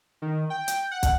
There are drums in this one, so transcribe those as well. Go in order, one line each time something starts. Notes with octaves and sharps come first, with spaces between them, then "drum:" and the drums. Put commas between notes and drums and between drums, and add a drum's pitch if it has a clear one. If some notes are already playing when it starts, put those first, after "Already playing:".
D#3
G5
drum: hi-hat
F#5
drum: kick, hi-hat